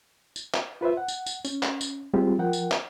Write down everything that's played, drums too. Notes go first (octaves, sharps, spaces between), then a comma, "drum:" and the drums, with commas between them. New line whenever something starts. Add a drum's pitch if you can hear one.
drum: tambourine
drum: clap
F4 B4 C5 E5
F#5
drum: tambourine
drum: tambourine
C#4, drum: tambourine
drum: clap
drum: tambourine
G3 G#3 C4 F4 G4 G#4
F3 A#4 F#5 G5
drum: tambourine
drum: clap